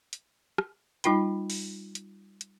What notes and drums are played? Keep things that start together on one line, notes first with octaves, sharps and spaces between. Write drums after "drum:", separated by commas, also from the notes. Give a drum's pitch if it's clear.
drum: hi-hat
drum: rim click
G3 D#4 F4 G5 B5, drum: hi-hat
drum: open hi-hat
drum: hi-hat
drum: hi-hat